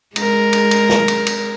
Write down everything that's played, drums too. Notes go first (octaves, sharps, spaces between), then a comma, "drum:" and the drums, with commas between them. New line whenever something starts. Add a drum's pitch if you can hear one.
G#3 A#4, drum: cymbal
drum: cymbal
drum: cymbal
drum: snare
drum: cymbal
drum: cymbal